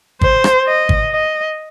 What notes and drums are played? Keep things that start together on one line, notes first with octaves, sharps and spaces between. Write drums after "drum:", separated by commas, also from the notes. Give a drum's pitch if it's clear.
C5, drum: kick
drum: rim click
D#5
drum: kick
D#5